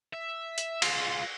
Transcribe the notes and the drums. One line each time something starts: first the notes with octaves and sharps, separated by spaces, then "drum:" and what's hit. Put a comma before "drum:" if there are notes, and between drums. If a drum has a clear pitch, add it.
E5
drum: hi-hat
G#3 F4, drum: cymbal